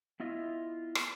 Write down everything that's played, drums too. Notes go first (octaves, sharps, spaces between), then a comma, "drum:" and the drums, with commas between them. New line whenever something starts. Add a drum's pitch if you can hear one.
B3 E4 F4 D#5 E5
drum: rim click